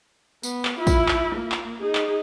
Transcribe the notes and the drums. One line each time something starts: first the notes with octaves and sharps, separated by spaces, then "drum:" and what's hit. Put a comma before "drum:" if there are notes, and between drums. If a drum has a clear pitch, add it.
B3, drum: tambourine
drum: clap
E4 F4
drum: kick, tambourine
drum: clap
A#3
drum: clap
D#4 G#4
drum: clap